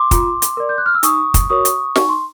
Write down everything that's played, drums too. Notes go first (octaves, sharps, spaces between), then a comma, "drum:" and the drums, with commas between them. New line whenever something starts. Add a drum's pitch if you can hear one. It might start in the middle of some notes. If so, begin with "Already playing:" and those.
Already playing: C6 D6
F4, drum: kick, hi-hat
drum: hi-hat
A#4 D5
G6
F#6
F6
E6
D#4 C#6 D#6, drum: hi-hat
drum: kick, hi-hat
F#4 A#4 C#5 C#6 D#6
drum: hi-hat
D#4 C#6, drum: snare
C6